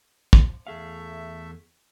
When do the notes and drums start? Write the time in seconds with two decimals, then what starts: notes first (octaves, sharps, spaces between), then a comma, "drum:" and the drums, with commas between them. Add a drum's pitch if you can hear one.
0.33 drum: kick
0.67 E2 A3 G#4 E5 F5